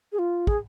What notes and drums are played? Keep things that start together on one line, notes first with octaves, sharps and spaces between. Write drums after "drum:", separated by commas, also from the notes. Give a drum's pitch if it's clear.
G#4
F4
G#4, drum: kick